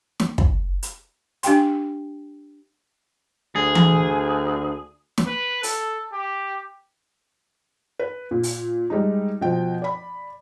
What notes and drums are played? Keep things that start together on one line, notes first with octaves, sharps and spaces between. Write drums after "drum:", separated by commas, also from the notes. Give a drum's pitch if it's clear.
drum: snare
drum: kick
drum: hi-hat
D4 G4 F5 G5 C6, drum: hi-hat
D2 G#4
drum: tom E3
drum: snare
B4
A4, drum: open hi-hat
G4
B4
A#2
drum: open hi-hat
G3 G#3 D#4
B2 F3 G5
D5 B5